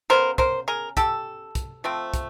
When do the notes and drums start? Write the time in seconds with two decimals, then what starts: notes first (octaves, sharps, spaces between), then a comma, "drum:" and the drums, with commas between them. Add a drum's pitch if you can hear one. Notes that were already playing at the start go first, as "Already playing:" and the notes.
0.10 C#3 F#3 B3 A#4 C5
0.38 A#4 C5, drum: kick
0.68 G#4 A#4
0.97 G4 A4, drum: kick, hi-hat
1.55 drum: kick, hi-hat
1.84 F3 A3 C4
2.14 drum: kick, hi-hat